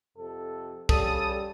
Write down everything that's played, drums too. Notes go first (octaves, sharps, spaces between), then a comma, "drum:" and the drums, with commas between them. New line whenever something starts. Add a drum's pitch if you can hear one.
F2 C3 A4
C#3 G3 A4 D#6, drum: kick